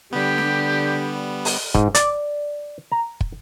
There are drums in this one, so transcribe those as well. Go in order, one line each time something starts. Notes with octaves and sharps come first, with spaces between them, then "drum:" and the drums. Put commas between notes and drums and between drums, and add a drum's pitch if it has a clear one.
D3 G3 B3 G4
drum: snare
drum: open hi-hat
G#2, drum: kick
D5, drum: hi-hat
A#5
drum: kick